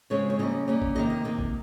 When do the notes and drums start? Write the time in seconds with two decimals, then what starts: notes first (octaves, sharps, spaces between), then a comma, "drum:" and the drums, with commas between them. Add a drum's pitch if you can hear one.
0.10 C#3 G#3 C4 C#5
0.30 C#5
0.39 C#3 G3 A#3 C#4 D#5
0.68 C#3 G3 A#3 C#4
0.82 drum: kick A1
0.95 C3 D#3 A#3 D#5
1.10 D#5
1.24 C3 D#3 A#3
1.39 drum: kick A1